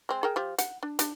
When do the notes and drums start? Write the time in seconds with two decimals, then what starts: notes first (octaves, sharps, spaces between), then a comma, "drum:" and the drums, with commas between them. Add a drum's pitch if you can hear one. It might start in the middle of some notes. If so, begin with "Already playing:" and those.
0.09 G#3 C4
0.23 G#4 A#4 G5
0.36 F3 G4
0.58 F#5, drum: hi-hat
0.83 D4
0.99 D4, drum: hi-hat